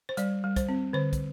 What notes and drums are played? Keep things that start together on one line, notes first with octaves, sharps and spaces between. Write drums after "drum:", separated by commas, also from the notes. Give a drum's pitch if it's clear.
C5
G3 D5, drum: hi-hat
G3
C5, drum: kick, hi-hat
C4
D3 C5
drum: kick, hi-hat